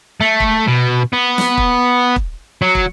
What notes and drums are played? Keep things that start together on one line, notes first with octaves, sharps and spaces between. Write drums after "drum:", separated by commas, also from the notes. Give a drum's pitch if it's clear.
A3
drum: kick
B2
B3
drum: snare
drum: kick
drum: kick
F#3
drum: kick